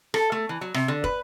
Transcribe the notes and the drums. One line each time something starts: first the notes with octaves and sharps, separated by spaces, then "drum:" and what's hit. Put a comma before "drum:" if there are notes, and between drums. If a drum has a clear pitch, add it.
A4, drum: rim click
A3
E3
F#3
C3, drum: rim click
D3
B4, drum: kick